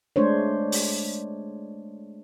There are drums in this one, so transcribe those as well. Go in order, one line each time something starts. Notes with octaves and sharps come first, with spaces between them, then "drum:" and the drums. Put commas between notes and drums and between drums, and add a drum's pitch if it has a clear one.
G#3 A3 D4 C5 C#5
drum: open hi-hat